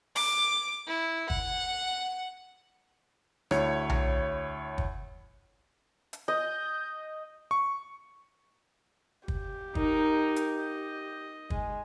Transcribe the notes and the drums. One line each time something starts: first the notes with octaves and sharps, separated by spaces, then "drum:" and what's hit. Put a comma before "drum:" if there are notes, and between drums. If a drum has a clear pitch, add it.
D6, drum: open hi-hat
E4
F#5, drum: kick
D2 E4 C#5, drum: rim click
drum: tom B1
drum: kick
drum: hi-hat
D#5 G6
C#6
G4, drum: kick
D#4 A#4, drum: kick
drum: hi-hat
D#5
G#3, drum: kick